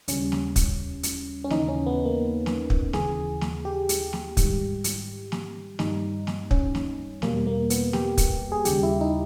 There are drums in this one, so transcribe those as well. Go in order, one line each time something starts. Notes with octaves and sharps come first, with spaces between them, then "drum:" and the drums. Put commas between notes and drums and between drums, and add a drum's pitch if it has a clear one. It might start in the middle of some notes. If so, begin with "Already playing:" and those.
D#2 C#3 G3 C#4, drum: hi-hat
drum: snare
drum: kick, hi-hat
drum: hi-hat
C#4
D#2 C#3 E3 D#4, drum: snare
C#4
B3
A#3
drum: snare
drum: kick
D#2 C#3 E3 G#4, drum: snare
drum: snare
G4
drum: hi-hat
drum: snare
G#2 D#3 G3, drum: kick, hi-hat
drum: hi-hat
drum: snare
G2 D#3 G3 D#4, drum: snare
drum: snare
C#4, drum: kick
drum: snare
E2 B2 G3 A#3, drum: snare
A#3
B3, drum: hi-hat
G4, drum: snare
drum: kick, hi-hat
G#4
D#2 C#3 G3 G4, drum: hi-hat
E4
D#4